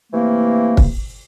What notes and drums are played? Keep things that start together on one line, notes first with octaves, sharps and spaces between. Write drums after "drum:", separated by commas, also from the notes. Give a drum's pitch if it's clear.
C3 E3 A3 A#3
drum: kick